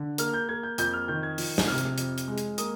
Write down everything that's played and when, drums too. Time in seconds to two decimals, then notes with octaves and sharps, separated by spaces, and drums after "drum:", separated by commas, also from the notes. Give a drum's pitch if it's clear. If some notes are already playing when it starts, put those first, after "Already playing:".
Already playing: D3
0.18 A#3 F6, drum: hi-hat
0.34 G6
0.49 A#3 G#6
0.63 G6
0.78 F2 G6, drum: hi-hat
0.93 F6
1.08 D#3 G6
1.23 G#6
1.38 F3, drum: open hi-hat
1.58 drum: snare
1.68 C3 F6
1.78 drum: hi-hat
1.98 F2, drum: hi-hat
2.18 drum: hi-hat
2.28 G#3
2.38 drum: hi-hat
2.58 A#3 D#6, drum: hi-hat